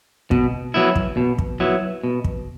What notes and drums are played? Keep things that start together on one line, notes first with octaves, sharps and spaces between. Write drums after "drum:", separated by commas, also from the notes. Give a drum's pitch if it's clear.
B2, drum: kick
F#3 B3 E4
drum: kick
B2
drum: kick
F#3 B3 E4
B2
drum: kick